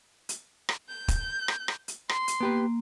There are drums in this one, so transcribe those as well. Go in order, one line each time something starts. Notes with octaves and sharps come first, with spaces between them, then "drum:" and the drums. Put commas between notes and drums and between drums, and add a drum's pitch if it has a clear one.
drum: hi-hat
drum: rim click
G6
drum: kick, hi-hat
drum: rim click
drum: rim click
drum: hi-hat
C6, drum: rim click
drum: hi-hat
A#3 B3 G4 B4